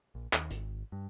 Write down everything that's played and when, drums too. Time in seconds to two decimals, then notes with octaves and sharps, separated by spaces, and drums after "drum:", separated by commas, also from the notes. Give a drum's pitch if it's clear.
0.15 A#1
0.33 D#2, drum: clap
0.50 G#1, drum: hi-hat
0.92 G2